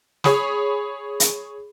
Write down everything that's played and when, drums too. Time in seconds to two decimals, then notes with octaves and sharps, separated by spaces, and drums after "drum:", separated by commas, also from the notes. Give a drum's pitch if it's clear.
0.24 G#4 C#5 B5 D#6, drum: snare
1.20 drum: hi-hat